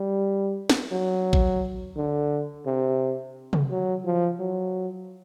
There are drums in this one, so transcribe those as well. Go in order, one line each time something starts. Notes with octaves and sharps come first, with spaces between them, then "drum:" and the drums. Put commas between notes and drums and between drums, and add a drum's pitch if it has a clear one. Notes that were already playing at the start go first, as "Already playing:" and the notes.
Already playing: G3
drum: snare
F#3
drum: kick A1
D3
C3
drum: tom C3
F#3
F3
F#3